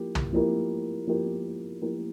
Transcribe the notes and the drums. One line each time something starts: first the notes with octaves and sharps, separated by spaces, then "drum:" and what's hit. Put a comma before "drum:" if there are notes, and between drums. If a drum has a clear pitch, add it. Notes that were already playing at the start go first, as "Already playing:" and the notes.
Already playing: F3 A#3 E4 G4
drum: tom
F3 A#3 E4 G4 A#4
F3 A#3 E4 G4 A#4
F3 A#3 E4 G4 A#4